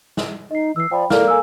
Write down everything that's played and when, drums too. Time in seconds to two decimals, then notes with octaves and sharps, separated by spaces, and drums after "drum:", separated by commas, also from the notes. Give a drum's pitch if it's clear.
0.17 drum: snare
0.51 D#4 D#5 C7
0.76 E3 E6 C7
0.91 F3 D5 G5 B5
1.10 A#3 E4 A4 D5 F6, drum: snare
1.27 A4 G#5 E6